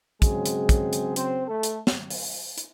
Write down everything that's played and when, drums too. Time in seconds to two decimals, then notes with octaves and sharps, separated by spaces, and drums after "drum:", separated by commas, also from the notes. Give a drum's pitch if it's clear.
0.22 C#3 F#3 G#3 C4 G#4, drum: kick, hi-hat
0.46 drum: hi-hat
0.69 drum: kick, hi-hat
0.93 drum: hi-hat
1.16 C4 C5, drum: hi-hat
1.48 A3 A4
1.63 drum: hi-hat
1.87 drum: snare
2.10 drum: open hi-hat
2.58 drum: hi-hat